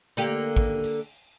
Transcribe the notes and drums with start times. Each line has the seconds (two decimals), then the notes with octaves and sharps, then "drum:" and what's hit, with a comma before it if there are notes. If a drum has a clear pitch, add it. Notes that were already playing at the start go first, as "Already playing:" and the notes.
0.17 D3 A#3 G4
0.57 drum: kick
0.84 drum: open hi-hat